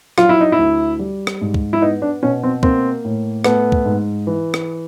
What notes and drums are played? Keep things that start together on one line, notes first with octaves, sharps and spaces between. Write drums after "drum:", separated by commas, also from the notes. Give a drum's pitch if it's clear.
F#3 F4, drum: rim click
E4
D#4
E4
D2
G3
drum: rim click
G#2
drum: kick
E4
B3 D#4
D4
B2 C#4
C4
A#3 C4, drum: kick
A2
A3 B3, drum: rim click
drum: kick
G#2
E3
drum: rim click